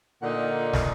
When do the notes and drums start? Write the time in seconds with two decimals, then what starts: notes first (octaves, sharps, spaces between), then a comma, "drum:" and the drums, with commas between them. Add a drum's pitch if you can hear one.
0.22 A#2 D3 D#4 A#4 F#5
0.73 drum: snare